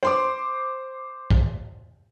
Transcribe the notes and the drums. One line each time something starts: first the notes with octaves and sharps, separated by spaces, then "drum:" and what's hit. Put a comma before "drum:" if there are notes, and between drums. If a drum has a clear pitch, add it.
C5 C6 D6
drum: kick